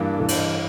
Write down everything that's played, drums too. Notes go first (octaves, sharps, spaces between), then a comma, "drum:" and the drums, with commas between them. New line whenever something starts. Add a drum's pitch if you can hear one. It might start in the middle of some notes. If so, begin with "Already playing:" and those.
Already playing: G2 E3 A#3 D4
G2 E3 A#3 D4
drum: cymbal